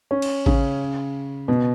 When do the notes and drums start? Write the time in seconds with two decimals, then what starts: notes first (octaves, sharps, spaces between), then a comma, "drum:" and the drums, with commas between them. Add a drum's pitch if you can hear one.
0.11 C#4
0.22 drum: cymbal
0.46 C#3, drum: kick A1
1.48 B2